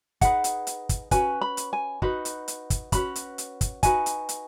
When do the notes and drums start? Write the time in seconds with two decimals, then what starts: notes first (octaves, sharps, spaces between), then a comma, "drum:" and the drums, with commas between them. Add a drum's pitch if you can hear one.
0.21 D#4 G#4 B4 F#5, drum: kick, hi-hat
0.44 drum: hi-hat
0.67 drum: hi-hat
0.89 drum: kick, hi-hat
1.11 C#4 F#4 B4 G#5, drum: kick, hi-hat
1.41 B5
1.57 drum: hi-hat
1.73 G#5
2.02 D#4 F#4 B4 B5, drum: kick
2.25 drum: hi-hat
2.48 drum: hi-hat
2.70 drum: kick, hi-hat
2.92 C#4 F#4 B4 B5, drum: kick, hi-hat
3.16 drum: hi-hat
3.38 drum: hi-hat
3.61 drum: kick, hi-hat
3.83 D#4 F#4 B4 G#5, drum: kick, hi-hat
4.06 drum: hi-hat
4.29 drum: hi-hat